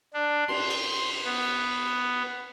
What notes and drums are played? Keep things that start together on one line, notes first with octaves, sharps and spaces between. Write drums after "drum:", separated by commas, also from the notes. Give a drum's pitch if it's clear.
D4
C6, drum: cymbal
drum: cymbal
B3